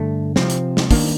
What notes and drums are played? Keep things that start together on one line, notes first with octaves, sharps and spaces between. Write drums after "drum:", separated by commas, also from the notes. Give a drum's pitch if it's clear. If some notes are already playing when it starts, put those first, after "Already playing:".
Already playing: G2 D3 A3
C3 F3 C4, drum: snare
drum: hi-hat
drum: snare
D#3 A#3 D4, drum: kick, open hi-hat